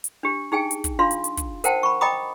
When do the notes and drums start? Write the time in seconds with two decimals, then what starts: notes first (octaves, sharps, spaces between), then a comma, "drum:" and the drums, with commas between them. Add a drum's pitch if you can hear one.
0.04 drum: hi-hat
0.23 D4 G4
0.52 D#4 G#4 G5 G#5
0.71 drum: hi-hat
0.84 drum: kick, hi-hat
0.99 D4 F4 F5 C6
1.11 drum: hi-hat
1.24 drum: hi-hat
1.37 drum: kick, hi-hat
1.64 A#4 C5 F#5 G5 A5, drum: hi-hat
1.83 B5 C#6
2.01 D#5 G5 A#5 B5 D6 D#6